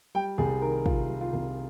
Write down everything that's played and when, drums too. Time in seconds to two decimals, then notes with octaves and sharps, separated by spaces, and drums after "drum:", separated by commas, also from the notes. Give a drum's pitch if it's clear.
0.15 G3 G5
0.38 C2 G#4
0.62 D#3 A#4
0.86 C3 F4, drum: kick
1.09 G3
1.21 F4
1.33 C2